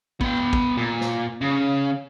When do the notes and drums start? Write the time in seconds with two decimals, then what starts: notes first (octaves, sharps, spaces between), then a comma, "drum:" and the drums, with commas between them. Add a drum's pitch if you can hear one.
0.21 B3 G5, drum: kick
0.37 drum: tom
0.53 drum: kick
0.77 A#2
1.01 drum: snare
1.41 C#3